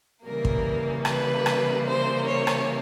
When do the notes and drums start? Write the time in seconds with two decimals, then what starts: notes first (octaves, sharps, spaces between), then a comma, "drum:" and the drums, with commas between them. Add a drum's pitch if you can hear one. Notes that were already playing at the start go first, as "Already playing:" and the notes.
0.24 C#3 E3 G3 A#3 A#4
0.45 drum: kick
1.05 B4, drum: rim click
1.46 drum: rim click
1.86 C5
2.27 C#5
2.47 drum: rim click